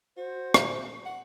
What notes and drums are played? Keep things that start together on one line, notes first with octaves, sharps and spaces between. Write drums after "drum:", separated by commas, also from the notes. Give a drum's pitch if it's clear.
F#4 C5
drum: rim click
F#5